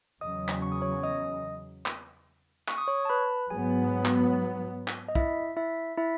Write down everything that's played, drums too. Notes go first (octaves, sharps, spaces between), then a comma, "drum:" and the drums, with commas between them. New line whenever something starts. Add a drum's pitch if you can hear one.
E2 C#3 F#3 C#4 D#5 D#6
drum: clap
C#6
D#6
C#5 C#6
D#5 D#6
drum: clap
C#6, drum: clap
D#6
C#5 C#6
A5
B4 B5
G#2 F#3 B3 G#4 G#5
drum: clap
drum: clap
D#5
E4 E5, drum: kick
E4 E5
E4 E5